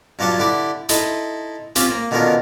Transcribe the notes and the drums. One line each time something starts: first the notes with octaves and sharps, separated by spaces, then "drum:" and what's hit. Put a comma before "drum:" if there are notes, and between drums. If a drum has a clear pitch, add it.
G2 F#3 F4 G4 F#5 A5
D3 E4 G4 D5
D#4 E4 A4 C6, drum: hi-hat
C4 C#4 F4 G4, drum: hi-hat
A#3
B2 D3 D#3 C#4 F4 A#4